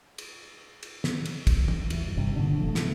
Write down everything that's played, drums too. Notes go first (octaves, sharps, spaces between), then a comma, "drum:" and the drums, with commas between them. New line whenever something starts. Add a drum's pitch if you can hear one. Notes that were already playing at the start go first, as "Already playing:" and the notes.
drum: cymbal
drum: cymbal
drum: snare
drum: cymbal
drum: kick, cymbal
drum: tom
E2, drum: cymbal
G1
G1 G2 C3
G1 A#2 D3 D4
F1 F3 A3
B2 A3, drum: snare